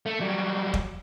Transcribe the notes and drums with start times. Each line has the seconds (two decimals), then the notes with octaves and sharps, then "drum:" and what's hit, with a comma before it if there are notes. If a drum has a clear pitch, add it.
0.06 A3
0.20 F#3 G3
0.74 drum: kick